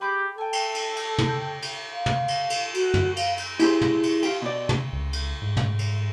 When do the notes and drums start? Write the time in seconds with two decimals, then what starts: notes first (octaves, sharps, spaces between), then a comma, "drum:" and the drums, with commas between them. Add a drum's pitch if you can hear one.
0.01 G4 G#4 B5 D6
0.38 A4 G5 G#5
0.53 drum: cymbal
0.75 drum: cymbal
0.97 drum: cymbal
1.18 drum: tom
1.28 G5
1.62 drum: cymbal
1.93 F5
2.06 drum: tom
2.28 drum: cymbal
2.50 drum: cymbal
2.74 F#4, drum: cymbal
2.94 drum: tom
3.16 F5, drum: cymbal
3.38 drum: cymbal
3.59 E4 G4 G#4 C5, drum: cymbal
3.81 drum: tom
4.03 drum: cymbal
4.23 F4 G4, drum: cymbal
4.42 B2 D5
4.69 drum: tom
4.93 C#2
5.13 drum: cymbal
5.42 G#2
5.57 drum: tom
5.79 drum: cymbal